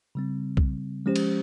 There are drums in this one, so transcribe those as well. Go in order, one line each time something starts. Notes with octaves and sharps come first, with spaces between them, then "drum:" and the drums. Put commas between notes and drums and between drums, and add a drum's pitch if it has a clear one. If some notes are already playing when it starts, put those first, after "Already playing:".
C#3 G3 C4
drum: kick B1
F3 G#3 C#4 G4 C5
drum: cymbal